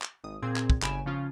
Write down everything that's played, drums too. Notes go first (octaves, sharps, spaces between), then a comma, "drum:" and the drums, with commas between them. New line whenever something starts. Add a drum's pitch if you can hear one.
drum: clap
G#1 D#6
A#2 C4 G#4 G#6
drum: clap
drum: kick
G1 C#3 G#5 B5 D7 E7, drum: clap
C#3 F3 C#4 F4